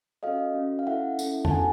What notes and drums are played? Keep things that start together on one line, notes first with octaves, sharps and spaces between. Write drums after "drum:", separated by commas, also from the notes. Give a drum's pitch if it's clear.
C#4 F#4 A4 D#5 F5
C#4 F#4 A4
F5
C#4 E4 A4 E5 F#5
C#4 E4 A4, drum: tambourine
A5, drum: tom F2
B3 D4 F#4 A4 F#5 G#5